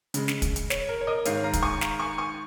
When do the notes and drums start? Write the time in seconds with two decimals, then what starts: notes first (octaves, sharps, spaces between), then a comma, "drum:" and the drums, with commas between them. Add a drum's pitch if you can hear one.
0.14 C#3 G#3, drum: hi-hat
0.28 drum: snare
0.42 drum: kick, hi-hat
0.56 drum: hi-hat
0.70 C#5, drum: snare
0.89 A#4
1.01 C#5
1.07 A#4 D#5
1.25 G#2 D#3 G#3 C#5 F5, drum: hi-hat
1.44 F5 A#5
1.53 drum: kick, hi-hat
1.63 G#5 C#6
1.81 F5 A#5, drum: snare
2.00 G#5 C#6
2.18 G#5 C#6